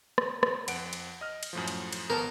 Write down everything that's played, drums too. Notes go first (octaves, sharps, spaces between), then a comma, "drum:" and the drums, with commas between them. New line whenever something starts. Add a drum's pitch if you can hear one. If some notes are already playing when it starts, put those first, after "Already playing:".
drum: rim click
drum: rim click
F2 F#5 D7, drum: cymbal
drum: cymbal
D#5 F6
drum: cymbal
F#2 A2 F3
drum: cymbal
drum: cymbal
G#1 B3 A#4 A5